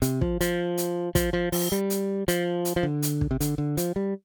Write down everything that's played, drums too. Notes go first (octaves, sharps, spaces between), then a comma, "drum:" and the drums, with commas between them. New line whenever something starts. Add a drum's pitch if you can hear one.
C3, drum: hi-hat
F3, drum: kick
F3, drum: hi-hat
drum: hi-hat
F3, drum: kick, hi-hat
F3
F3, drum: open hi-hat
G3
drum: hi-hat
F3, drum: hi-hat
drum: hi-hat
F3
D3
drum: hi-hat
drum: kick
C3
D3, drum: hi-hat
D3
F3, drum: hi-hat
G3